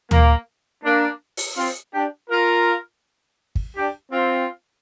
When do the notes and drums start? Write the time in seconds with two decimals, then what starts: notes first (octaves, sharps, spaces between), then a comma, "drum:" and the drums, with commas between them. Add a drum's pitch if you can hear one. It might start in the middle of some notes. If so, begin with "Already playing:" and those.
0.11 A#3, drum: tom D2
0.84 A#3 D4
1.37 drum: open hi-hat
1.56 C4 F4
1.92 D4 G4
2.29 F4 A#4
3.55 drum: kick
3.76 D4 G4
4.11 C4 F4